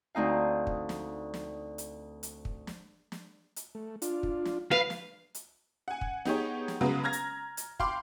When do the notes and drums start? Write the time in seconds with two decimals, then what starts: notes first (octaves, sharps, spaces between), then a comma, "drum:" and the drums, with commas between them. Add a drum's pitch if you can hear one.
0.15 D2 C4 D#4 F5
0.67 drum: kick
0.89 drum: snare
1.34 drum: snare
1.78 drum: hi-hat
2.23 drum: hi-hat
2.45 drum: kick
2.67 drum: snare
3.12 drum: snare
3.56 drum: hi-hat
3.75 A3
4.02 D4 F4, drum: hi-hat
4.23 drum: kick
4.45 drum: snare
4.71 B4 F5
4.90 drum: snare
5.35 drum: hi-hat
5.88 F#5 G#5
6.01 drum: kick
6.25 B3 D#4 G4 G#4 C#5, drum: snare
6.68 drum: snare
6.81 C#3 F#3 G#3 B3 B4
7.04 A#5 F6 G#6 A#6
7.13 drum: hi-hat
7.57 drum: hi-hat
7.80 F5 G5 B5 C6 D6, drum: kick